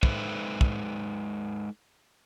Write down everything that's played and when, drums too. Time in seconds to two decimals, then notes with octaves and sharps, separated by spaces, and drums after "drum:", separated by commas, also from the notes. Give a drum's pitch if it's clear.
0.03 G#3 D#4 A4 B4 C5 E5, drum: kick
0.61 drum: kick